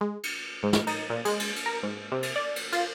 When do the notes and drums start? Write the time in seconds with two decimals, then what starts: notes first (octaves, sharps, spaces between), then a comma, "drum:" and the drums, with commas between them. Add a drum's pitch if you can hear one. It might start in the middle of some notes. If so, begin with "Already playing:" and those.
0.01 G#3
0.24 C#7, drum: cymbal
0.63 G#2
0.73 drum: snare
0.87 D#4, drum: cymbal
1.10 A#2
1.25 G#3, drum: cymbal
1.39 drum: cymbal
1.56 drum: cymbal
1.66 A#4
1.83 G#2
2.12 C3
2.23 drum: cymbal
2.36 D5
2.56 drum: cymbal
2.73 F4, drum: cymbal